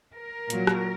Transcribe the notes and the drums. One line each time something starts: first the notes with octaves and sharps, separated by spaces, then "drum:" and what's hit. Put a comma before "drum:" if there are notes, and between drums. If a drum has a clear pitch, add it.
A#4
A#2 F#3, drum: hi-hat
drum: rim click